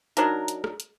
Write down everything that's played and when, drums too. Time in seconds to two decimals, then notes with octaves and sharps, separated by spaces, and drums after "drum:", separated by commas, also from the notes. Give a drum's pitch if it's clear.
0.17 F#3 D4 D#4 A#4, drum: hi-hat
0.48 drum: hi-hat
0.64 drum: rim click
0.80 drum: hi-hat